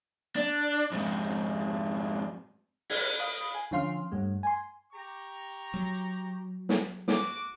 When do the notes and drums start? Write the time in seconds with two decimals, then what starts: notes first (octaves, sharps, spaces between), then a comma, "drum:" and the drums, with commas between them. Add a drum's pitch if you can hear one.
0.36 D4
0.92 F2 G#2
2.90 F#6 G#6 B6, drum: open hi-hat
3.20 F5 B5 D#6
3.54 G#5
3.71 D3 F3 C#4 F5 C6 F6
4.12 G2 G3 A3
4.43 G#5 C6
4.92 G4 A#5 C#6
5.74 F#3
6.69 drum: snare
7.08 F#4 D6, drum: snare